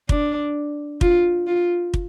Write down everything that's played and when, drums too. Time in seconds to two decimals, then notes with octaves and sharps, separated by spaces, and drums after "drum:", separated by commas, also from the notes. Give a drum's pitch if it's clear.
0.09 D4, drum: kick
1.01 F4, drum: kick
1.47 F4
1.94 drum: kick